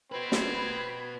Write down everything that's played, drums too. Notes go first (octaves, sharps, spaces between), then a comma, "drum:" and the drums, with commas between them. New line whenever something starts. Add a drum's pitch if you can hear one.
C4 F#4 B4 B5 G#6
drum: snare